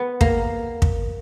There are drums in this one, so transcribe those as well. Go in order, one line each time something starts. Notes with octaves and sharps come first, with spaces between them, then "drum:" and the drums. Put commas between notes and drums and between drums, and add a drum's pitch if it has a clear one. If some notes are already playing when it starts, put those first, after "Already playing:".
Already playing: B3
A#3, drum: kick
drum: kick